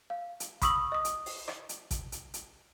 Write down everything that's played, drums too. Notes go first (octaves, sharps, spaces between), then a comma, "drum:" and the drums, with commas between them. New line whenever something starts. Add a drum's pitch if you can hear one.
F5
drum: hi-hat
B5 C#6 D#6 E6 F#7, drum: kick, hi-hat
D#5 D#6
drum: hi-hat
drum: open hi-hat
drum: rim click
drum: hi-hat
drum: kick, hi-hat
drum: hi-hat
drum: hi-hat